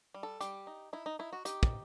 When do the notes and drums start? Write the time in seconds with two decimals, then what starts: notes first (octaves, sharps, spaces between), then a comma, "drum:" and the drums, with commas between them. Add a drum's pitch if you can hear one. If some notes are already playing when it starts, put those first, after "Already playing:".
0.14 G3
0.23 A4
0.41 G3 G4, drum: hi-hat
0.67 D#4
0.93 D#4 E4
1.06 D#4
1.19 D#4 E4
1.33 F#4
1.45 D#4 G4, drum: hi-hat
1.63 drum: kick